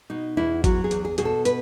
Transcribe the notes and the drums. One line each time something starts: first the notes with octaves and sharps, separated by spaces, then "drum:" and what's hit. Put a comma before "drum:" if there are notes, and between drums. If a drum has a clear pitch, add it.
B2 D#4
E2 E4
F#3 F#4, drum: kick G#1, hi-hat
G#4
E2, drum: hi-hat
G#4
B2 G#4, drum: hi-hat
A4
B4, drum: hi-hat